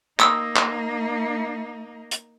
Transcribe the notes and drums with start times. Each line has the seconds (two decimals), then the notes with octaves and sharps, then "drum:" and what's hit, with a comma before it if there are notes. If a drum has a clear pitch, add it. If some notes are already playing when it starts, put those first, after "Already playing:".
0.20 A#3 D#4 D#6 E6, drum: clap
0.56 drum: clap
2.11 drum: hi-hat